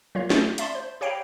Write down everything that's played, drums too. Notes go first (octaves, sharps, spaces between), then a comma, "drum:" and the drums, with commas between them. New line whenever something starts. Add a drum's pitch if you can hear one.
F#3 A#3 F4 C#5
A3, drum: snare
D5 E5 A5 B5 C6, drum: hi-hat
C5
G4 C#5 F5 G5 A#5 B5